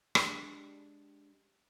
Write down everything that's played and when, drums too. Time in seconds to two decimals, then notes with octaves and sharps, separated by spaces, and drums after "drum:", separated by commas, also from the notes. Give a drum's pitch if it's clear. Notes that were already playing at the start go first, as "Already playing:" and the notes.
0.15 G#3 D4 G4, drum: rim click